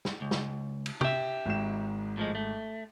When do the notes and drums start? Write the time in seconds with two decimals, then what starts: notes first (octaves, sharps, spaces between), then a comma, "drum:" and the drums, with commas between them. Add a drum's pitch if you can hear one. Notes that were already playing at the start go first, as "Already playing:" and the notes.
0.05 drum: snare
0.21 C#2
0.31 drum: snare
0.86 drum: cymbal
1.01 G4 E5, drum: tom
1.46 G#1 G#2 E7
2.17 A2 F3 G#3
2.35 A3